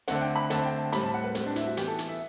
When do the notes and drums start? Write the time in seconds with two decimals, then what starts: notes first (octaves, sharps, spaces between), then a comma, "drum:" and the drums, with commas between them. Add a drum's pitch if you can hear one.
0.08 D3 A3 C4 F#5, drum: hi-hat
0.21 G5
0.36 B5
0.50 D3 A3 C4 A5, drum: hi-hat
0.65 G5
0.78 A5
0.92 A2 G3 C4 B5, drum: hi-hat
1.03 A5
1.14 F#5
1.24 B4
1.35 A2 G3 C4, drum: hi-hat
1.46 D4
1.56 E4, drum: hi-hat
1.66 F#4
1.77 E3 B3 G4, drum: hi-hat
1.87 A4
1.98 drum: hi-hat
2.09 E5